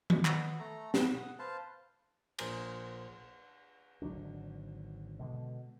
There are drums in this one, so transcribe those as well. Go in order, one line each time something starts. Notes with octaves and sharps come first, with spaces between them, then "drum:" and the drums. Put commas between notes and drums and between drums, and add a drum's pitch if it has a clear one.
drum: tom D#3
B3, drum: clap
A3 A4 A#5
B3 B4, drum: snare
F#5 D#6
B4 C5 F5 A5
A#1 A#2 G#4 A#4 C5 G#5, drum: cymbal
G#1 D3 F#3 D4
B2 D3 G#3